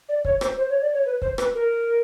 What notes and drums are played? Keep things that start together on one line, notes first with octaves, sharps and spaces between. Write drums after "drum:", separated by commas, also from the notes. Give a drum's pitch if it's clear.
D5
C#5, drum: kick
C5, drum: rim click
C5
C#5
D5
C#5
B4
C5, drum: kick
B4, drum: rim click
A#4